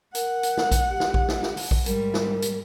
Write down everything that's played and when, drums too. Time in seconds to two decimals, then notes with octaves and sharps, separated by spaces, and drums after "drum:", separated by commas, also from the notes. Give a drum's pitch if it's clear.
0.15 A#4 F#5, drum: hi-hat
0.43 drum: hi-hat
0.57 drum: snare
0.72 drum: kick A#1, hi-hat
0.90 G4
1.00 drum: snare
1.14 drum: kick A#1
1.28 drum: snare
1.43 drum: snare
1.57 drum: open hi-hat
1.71 drum: kick A#1
1.86 G#2 G3 A#4, drum: hi-hat
2.14 drum: snare
2.42 drum: hi-hat